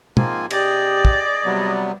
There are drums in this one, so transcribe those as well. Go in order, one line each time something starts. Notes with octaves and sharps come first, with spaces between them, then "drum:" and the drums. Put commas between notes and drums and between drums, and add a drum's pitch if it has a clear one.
G#2 F3 A#3 C4 F4 G#5, drum: tom
C3 G4 G#4 D5 D#5, drum: cymbal
drum: kick
C3 F#3 G3 B3